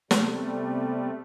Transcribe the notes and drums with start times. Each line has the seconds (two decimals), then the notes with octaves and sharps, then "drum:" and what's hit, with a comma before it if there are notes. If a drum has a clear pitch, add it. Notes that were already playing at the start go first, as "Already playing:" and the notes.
0.11 C3 G3 A3 B3, drum: snare